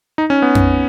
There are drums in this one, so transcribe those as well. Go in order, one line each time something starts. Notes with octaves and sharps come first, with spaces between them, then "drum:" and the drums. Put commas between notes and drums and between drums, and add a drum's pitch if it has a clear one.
D#4
C#4
B3
drum: tom F2